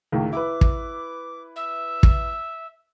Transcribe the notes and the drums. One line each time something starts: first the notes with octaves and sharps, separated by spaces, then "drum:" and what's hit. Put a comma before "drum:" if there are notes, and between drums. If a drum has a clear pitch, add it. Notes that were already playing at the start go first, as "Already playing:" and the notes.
C#2 A2 D#3
E4 B4 D6
drum: kick
E5
drum: kick